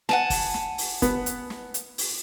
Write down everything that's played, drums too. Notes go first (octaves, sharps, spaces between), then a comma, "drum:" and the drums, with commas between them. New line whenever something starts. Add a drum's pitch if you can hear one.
F#5 G#5 A5, drum: snare
drum: kick, open hi-hat
drum: snare
drum: open hi-hat
B3, drum: kick, hi-hat
drum: hi-hat
drum: snare
drum: hi-hat
drum: open hi-hat